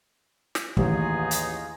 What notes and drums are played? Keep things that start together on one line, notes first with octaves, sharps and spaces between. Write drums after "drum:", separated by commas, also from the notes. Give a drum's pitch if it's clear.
drum: snare
A1 D#2 D#4 F4 G#4, drum: kick
drum: hi-hat